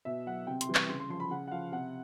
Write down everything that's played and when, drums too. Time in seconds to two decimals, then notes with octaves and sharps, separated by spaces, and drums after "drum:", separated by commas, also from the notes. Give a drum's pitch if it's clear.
0.05 B2 E5
0.26 F#3 F#5
0.47 C3 G5
0.61 C6, drum: hi-hat
0.69 E3 G3
0.75 C#6, drum: clap
0.89 C#3 C6
1.00 C6
1.10 F3 C6
1.20 B5
1.31 C#3 F#5
1.48 F#5
1.51 F3 F5
1.72 C3 F#5